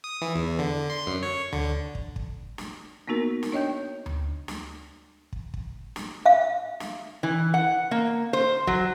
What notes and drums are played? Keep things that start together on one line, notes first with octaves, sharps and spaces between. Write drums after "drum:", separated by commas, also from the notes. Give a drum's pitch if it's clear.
D#6
E3
E2
D3
C6
F#2
C#5
D3, drum: tom D2
drum: kick
drum: kick
drum: snare
A#3 B3 D#4 F#4 A#4
drum: snare
D4 C#5 D#5 G5 G6
drum: tom D2
drum: snare
drum: kick
drum: kick
drum: snare
E5 F5
drum: snare
E3
F#5
A#3
C5
F#3, drum: kick